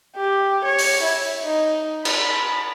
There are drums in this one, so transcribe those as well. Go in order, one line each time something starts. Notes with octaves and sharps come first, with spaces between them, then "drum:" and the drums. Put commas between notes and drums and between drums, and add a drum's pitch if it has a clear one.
G4
C#5
drum: open hi-hat
E4
D#4
B5, drum: cymbal